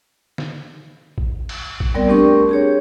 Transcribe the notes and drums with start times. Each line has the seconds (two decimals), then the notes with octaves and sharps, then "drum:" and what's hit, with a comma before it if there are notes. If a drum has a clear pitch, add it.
0.38 drum: snare
1.18 drum: kick A1
1.49 drum: cymbal
1.80 drum: kick A1
1.94 G3 B3 C4 A#4 D5 G5
2.08 A3 C4 D4 G4 A#4 C#6
2.49 G4 G#4 C#5